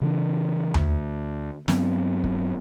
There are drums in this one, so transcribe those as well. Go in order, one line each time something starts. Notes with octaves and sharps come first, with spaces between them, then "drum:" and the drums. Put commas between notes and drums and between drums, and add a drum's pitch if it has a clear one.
C#3 E3 D4
D2, drum: tom D#2
G2 F#3 B3 C4, drum: snare
drum: kick